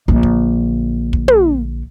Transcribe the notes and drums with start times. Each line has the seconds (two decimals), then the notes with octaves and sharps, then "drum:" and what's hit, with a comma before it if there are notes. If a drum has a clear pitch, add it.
0.08 A#1 D3
0.23 drum: kick
1.13 drum: kick
1.28 drum: tom